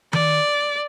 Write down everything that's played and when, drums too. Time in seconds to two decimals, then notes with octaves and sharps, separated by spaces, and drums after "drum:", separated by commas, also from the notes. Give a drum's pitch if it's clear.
0.13 D5, drum: tom D#3